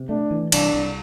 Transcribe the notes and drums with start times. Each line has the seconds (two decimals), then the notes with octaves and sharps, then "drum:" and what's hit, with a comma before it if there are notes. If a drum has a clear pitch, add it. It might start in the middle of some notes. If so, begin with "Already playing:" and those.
Already playing: C3
0.09 A3 D4
0.31 E3
0.52 C2 D4, drum: cymbal
0.74 C2